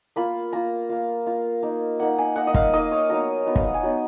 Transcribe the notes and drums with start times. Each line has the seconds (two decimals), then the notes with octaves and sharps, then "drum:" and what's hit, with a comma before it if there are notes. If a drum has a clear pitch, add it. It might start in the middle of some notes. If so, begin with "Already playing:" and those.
0.16 A#3 F4 B5
0.53 A#3 F4 A#5
0.89 A#3 F4 F5
1.26 A#3 F4 F5
1.62 A#3 D#4
1.99 A#3 D#4 F#5
2.18 G#5
2.36 A#3 D#4 F#5
2.47 D#5
2.54 F5, drum: kick
2.73 A#3 D#4 D#5
2.92 C#5
3.10 F#3 B3 D#4 A#4
3.46 F#3 B3 D#4 B4
3.56 F5, drum: kick
3.64 F#5
3.74 G#5
3.83 F#3 B3 D#4